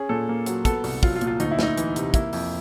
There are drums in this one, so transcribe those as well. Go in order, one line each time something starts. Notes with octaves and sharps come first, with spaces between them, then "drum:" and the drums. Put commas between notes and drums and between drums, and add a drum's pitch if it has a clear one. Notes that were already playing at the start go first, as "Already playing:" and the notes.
Already playing: C#4 G#4
A#2 A4
A#3
F#3, drum: hi-hat
B3 A4, drum: kick, hi-hat
C2, drum: open hi-hat
F#3 F4, drum: kick
F4
A#2, drum: hi-hat
F4
D2 D#4, drum: hi-hat
E4
D2 D#4, drum: snare
E3, drum: hi-hat
C3, drum: hi-hat
A#3 E4, drum: kick, hi-hat
F2, drum: open hi-hat